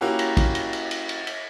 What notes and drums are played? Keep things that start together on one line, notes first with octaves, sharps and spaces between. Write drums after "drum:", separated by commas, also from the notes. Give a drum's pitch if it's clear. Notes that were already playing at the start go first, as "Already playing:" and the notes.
A#3 C#4 E4 F#4 G4
drum: cymbal
drum: kick, cymbal
drum: cymbal
drum: cymbal
drum: cymbal
drum: cymbal
drum: cymbal